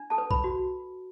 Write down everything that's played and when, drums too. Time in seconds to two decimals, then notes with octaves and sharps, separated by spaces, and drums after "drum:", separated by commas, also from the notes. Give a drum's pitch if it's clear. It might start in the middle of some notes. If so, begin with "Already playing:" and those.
Already playing: D4
0.10 A4 A5
0.18 B4
0.31 B4 B5, drum: kick B1
0.44 F#4